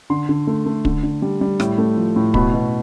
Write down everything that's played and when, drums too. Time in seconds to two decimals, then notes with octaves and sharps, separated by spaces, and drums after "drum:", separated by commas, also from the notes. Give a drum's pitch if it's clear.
0.10 D3 C6
0.29 D3
0.47 A3
0.66 A3
0.85 D3, drum: kick
1.03 D3
1.22 G3
1.41 G3
1.60 A2, drum: rim click
1.78 A3
1.97 F3
2.16 A2
2.34 B2 B5, drum: kick
2.54 B2